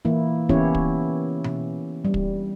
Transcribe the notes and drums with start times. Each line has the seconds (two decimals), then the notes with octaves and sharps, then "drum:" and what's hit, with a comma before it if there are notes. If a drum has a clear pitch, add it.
0.05 E3 A#3 E4
0.49 E3 B3 C#4 E4 G4 C#5, drum: kick
0.75 drum: kick
1.44 drum: tom B2
2.05 G3
2.14 drum: kick